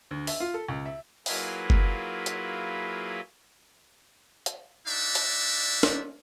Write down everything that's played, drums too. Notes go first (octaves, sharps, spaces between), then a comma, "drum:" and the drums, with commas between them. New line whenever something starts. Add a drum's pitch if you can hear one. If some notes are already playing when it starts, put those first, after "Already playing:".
D2
E5, drum: open hi-hat
F4
A4
C#2
E5
F#3 A#3 E4 F4 G#4 B4, drum: open hi-hat
drum: kick F#1
drum: hi-hat
drum: hi-hat
D4 D#4 F#4 D5 E5
drum: hi-hat
drum: snare